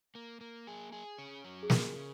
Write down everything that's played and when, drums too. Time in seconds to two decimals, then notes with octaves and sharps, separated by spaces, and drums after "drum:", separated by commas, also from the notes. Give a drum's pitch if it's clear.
0.15 A#3
0.41 A#3
0.67 G#4
0.92 G#4
1.18 C#4
1.44 F#3
1.63 G#4
1.70 C#3 A#4, drum: snare
1.96 C#3